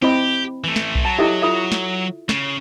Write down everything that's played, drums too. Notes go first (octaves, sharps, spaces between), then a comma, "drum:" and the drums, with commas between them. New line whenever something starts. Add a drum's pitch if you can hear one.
C4 E4 G4 C5 D#5 B5
E3 A3
drum: snare
drum: kick B1
F#3 A5
E4 G4 A4 D#5 E5
F4 A4 E5
drum: snare
C#3, drum: snare